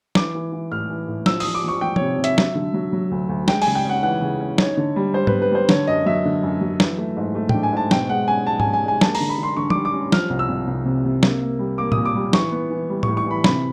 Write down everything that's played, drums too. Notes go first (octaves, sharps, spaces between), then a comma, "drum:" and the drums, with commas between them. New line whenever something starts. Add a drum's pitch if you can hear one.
E3 D6, drum: snare
E3
E3
A2 F6
E3
A2
F3 E6, drum: snare
F3 D#6, drum: open hi-hat
D6
F3 C#6
F3 G5
C3 C#5, drum: tom F3
C3
E5, drum: hi-hat
F#3, drum: snare
D3
F#3
F#3
D2
D2
G#3 G5, drum: snare
G#5, drum: open hi-hat
C#3
G5
C#4 F#5
E3 F#5
C#3
C#4
D#4 C#5, drum: snare
D3
G3
G3 C5
B3 B4, drum: tom G#2
B4
G3 C5
D3 C#5, drum: snare
F#2 D#5
F#3 E5
D3
F#2
F#3
E3, drum: snare
A3
G#2
A3
D4 G5, drum: tom A2
G#5
G#2 A5
B2 G5, drum: snare
G#3 F#5
C#4 G#5
C#4 A5
G#5, drum: tom G#2
C#4
G#5
G#3 G#5
A#3 A5, drum: snare
A#5, drum: open hi-hat
D3
B5
D3 C6
D3 C#6
G3 D6, drum: tom F3
D6
C#4
F3 F6, drum: snare
C2
E6
C2
C2
C3
C3
A#3, drum: snare
A#3
G3
A#3 D6
D#6, drum: tom A2
A#2
D6
G3
E3 C#6, drum: snare
B3
E3
G3
A2 C#6, drum: tom A2
C#6
E3 B5
C3 B5, drum: snare